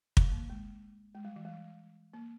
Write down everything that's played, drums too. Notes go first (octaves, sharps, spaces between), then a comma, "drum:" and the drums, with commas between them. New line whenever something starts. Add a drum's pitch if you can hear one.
G3, drum: kick
A#3
G#3
G#3
G3
E3
G3
A#3